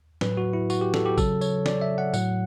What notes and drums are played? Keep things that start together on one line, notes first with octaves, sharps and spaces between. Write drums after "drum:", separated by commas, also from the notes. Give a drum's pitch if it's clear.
A2 F#3 B4, drum: snare
F#4
E4
F#4, drum: tambourine
G4
A4, drum: snare
G4
C#3 F#3 A4, drum: kick A1, tambourine
C#5, drum: tambourine
D5, drum: snare
E5
F#5
A2 F#3 F#5, drum: tambourine